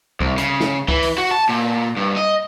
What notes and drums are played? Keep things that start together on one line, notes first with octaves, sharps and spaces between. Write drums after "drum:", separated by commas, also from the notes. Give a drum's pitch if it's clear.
C2, drum: kick C#2
C#3, drum: hi-hat
drum: snare
E3, drum: kick C#2
drum: open hi-hat
F#4
A5
A#2
G2
D#5